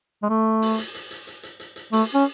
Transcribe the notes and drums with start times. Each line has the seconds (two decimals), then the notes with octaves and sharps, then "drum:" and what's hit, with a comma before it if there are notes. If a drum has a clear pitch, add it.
0.23 G#3
0.29 A3
0.62 drum: open hi-hat
0.78 drum: hi-hat
0.95 drum: hi-hat
1.11 drum: hi-hat
1.27 drum: hi-hat
1.43 drum: hi-hat
1.60 drum: hi-hat
1.76 drum: hi-hat
1.93 A3, drum: open hi-hat
2.14 C#4